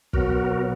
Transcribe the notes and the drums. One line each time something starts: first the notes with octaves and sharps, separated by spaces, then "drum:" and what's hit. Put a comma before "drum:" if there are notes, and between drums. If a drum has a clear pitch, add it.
B2 F#3 B3 F#4 A#4, drum: kick